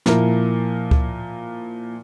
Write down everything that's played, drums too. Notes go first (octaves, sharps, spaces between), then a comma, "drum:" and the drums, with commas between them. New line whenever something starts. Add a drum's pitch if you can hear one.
A#2 F3 E4 A#4, drum: snare
drum: kick C#2